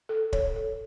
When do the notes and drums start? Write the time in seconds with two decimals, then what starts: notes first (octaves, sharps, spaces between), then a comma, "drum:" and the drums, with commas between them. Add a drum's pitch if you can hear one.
0.09 A4
0.33 C#5, drum: kick
0.56 A4